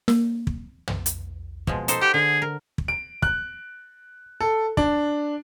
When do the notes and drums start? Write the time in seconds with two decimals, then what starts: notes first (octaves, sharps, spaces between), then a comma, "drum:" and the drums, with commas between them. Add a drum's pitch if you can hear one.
0.08 A#3, drum: snare
0.47 drum: kick
0.88 drum: tom
1.06 drum: hi-hat
1.67 B2 F3 G#3, drum: kick
1.88 D#4 A4 C5, drum: hi-hat
2.01 G4 F#5
2.14 D3 G#4
2.42 A#4
2.78 drum: kick
2.88 D7
3.22 F#6, drum: kick
4.40 A4
4.77 D4, drum: kick